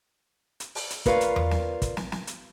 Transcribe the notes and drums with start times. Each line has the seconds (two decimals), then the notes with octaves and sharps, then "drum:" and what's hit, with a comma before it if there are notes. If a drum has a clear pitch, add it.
0.60 drum: hi-hat
0.75 drum: open hi-hat
0.90 drum: hi-hat
1.06 F4 A#4 B4 C#5 D5 F5, drum: kick, hi-hat
1.21 drum: hi-hat
1.36 drum: tom E2
1.51 drum: snare
1.82 drum: kick, hi-hat
1.97 drum: snare
2.12 drum: snare
2.27 drum: hi-hat